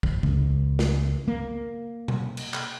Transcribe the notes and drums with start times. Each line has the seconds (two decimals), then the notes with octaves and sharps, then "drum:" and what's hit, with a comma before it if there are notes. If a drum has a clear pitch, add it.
0.03 drum: kick
0.23 C#2, drum: kick
0.79 drum: snare
1.28 A#3
2.08 drum: tom B2
2.37 drum: cymbal
2.54 drum: clap